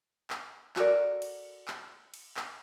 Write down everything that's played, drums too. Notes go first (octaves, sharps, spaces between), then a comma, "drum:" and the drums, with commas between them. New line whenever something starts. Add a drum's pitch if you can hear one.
drum: clap
F#4 A4 A#4 D5, drum: clap
drum: cymbal
drum: clap
drum: cymbal
drum: clap